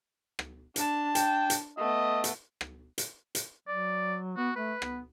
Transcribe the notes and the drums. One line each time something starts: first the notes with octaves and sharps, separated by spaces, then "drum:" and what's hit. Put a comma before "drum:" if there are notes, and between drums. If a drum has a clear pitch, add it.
drum: rim click
D4 A5, drum: hi-hat
G5, drum: hi-hat
drum: hi-hat
A3 B3 D#5
drum: hi-hat
drum: rim click
drum: hi-hat
drum: hi-hat
F#3 D5
B3 F#4
A3 B4
B3, drum: rim click